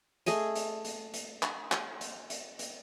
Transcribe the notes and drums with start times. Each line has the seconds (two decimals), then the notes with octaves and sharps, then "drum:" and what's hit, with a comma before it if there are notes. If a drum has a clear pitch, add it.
0.26 A3 G#4 D#5 G#5, drum: hi-hat
0.55 drum: hi-hat
0.85 drum: hi-hat
1.14 drum: hi-hat
1.43 drum: clap
1.72 drum: clap
2.01 drum: hi-hat
2.30 drum: hi-hat
2.59 drum: hi-hat